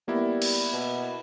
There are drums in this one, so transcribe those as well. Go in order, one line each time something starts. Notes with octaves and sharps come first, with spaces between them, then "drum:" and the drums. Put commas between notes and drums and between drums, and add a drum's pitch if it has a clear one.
G3 A#3 B3 E4
drum: cymbal
B2